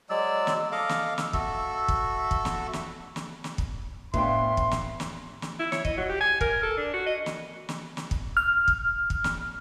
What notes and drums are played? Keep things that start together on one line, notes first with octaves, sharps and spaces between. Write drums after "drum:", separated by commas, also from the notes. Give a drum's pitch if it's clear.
F#3 G#3 D5 E6
drum: snare
A4 D#5 F5 D6
drum: snare
drum: snare
F#4 A4 E5, drum: kick
drum: kick
drum: kick
drum: snare
drum: snare
drum: snare
drum: snare
drum: kick
A2 B3 D4 E5 F5 G5 C6, drum: kick
drum: kick
drum: snare
drum: snare
drum: snare
E4
C#5, drum: snare
D#5, drum: kick
F#3
G4
G#5
A#4, drum: kick
A4
D4
F#4
D#5
drum: snare
drum: snare
drum: snare
drum: kick
F6
drum: kick
drum: kick
drum: snare